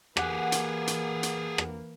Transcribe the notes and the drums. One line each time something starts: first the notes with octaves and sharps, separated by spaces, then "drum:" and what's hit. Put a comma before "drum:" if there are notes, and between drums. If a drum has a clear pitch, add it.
E3 A#3 G4 G#4 F#5 D6, drum: rim click
drum: hi-hat
drum: hi-hat
drum: hi-hat
drum: rim click